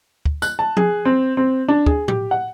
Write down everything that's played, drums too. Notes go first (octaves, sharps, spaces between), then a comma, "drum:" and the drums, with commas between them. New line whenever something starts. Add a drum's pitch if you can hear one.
drum: kick
F#6, drum: tambourine
A5
G#4, drum: tom F3
C4
C4
D4
G#4, drum: kick
G4, drum: tom A2
F#5